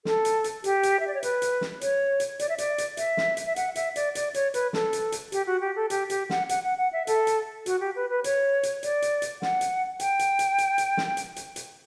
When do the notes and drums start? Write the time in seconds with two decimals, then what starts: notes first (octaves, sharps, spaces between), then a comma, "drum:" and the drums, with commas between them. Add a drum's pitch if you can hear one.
0.05 A4, drum: snare
0.25 drum: hi-hat
0.44 drum: hi-hat
0.64 G4, drum: hi-hat
0.83 drum: hi-hat
1.00 E5
1.08 D5
1.14 C#5
1.23 B4, drum: hi-hat
1.42 drum: hi-hat
1.61 drum: snare
1.81 C#5, drum: hi-hat
2.20 drum: hi-hat
2.39 D5, drum: hi-hat
2.49 E5
2.58 D5, drum: hi-hat
2.78 drum: hi-hat
2.97 E5, drum: hi-hat
3.17 drum: snare
3.37 drum: hi-hat
3.46 E5
3.56 F#5, drum: hi-hat
3.75 E5, drum: hi-hat
3.96 D5, drum: hi-hat
4.15 D5, drum: hi-hat
4.34 C#5, drum: hi-hat
4.54 B4, drum: hi-hat
4.73 A4, drum: snare
4.93 drum: hi-hat
5.12 drum: hi-hat
5.32 G4, drum: hi-hat
5.47 F#4
5.61 G4
5.76 A4
5.90 G4, drum: hi-hat
6.10 G4, drum: hi-hat
6.30 F#5, drum: snare
6.49 F#5, drum: hi-hat
6.64 F#5
6.78 F#5
6.93 E5
7.07 A4, drum: hi-hat
7.27 drum: hi-hat
7.66 F#4, drum: hi-hat
7.80 G4
7.96 B4
8.10 B4
8.24 C#5, drum: hi-hat
8.63 drum: hi-hat
8.83 D5, drum: hi-hat
9.02 drum: hi-hat
9.22 drum: hi-hat
9.42 F#5, drum: snare
9.61 drum: hi-hat
10.00 G5, drum: hi-hat
10.19 drum: hi-hat
10.39 drum: hi-hat
10.58 drum: hi-hat
10.78 drum: hi-hat
10.97 drum: snare
11.17 drum: hi-hat
11.36 drum: hi-hat
11.56 drum: hi-hat